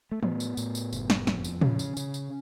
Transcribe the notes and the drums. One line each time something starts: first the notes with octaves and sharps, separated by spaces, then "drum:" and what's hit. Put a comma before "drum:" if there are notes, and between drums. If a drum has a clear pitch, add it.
A3
A2 B3, drum: tom
drum: tambourine
A2, drum: tambourine
drum: tambourine
F#1, drum: tambourine
drum: snare
F2, drum: snare
drum: tambourine
C#3 C#4, drum: tom
drum: tambourine
C#3, drum: tambourine
drum: tambourine